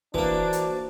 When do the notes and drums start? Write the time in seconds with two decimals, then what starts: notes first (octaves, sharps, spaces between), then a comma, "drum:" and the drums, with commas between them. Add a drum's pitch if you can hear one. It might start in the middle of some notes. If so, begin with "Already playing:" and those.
0.14 E3 A#3 D4 F#4 B4 C5, drum: kick
0.53 drum: hi-hat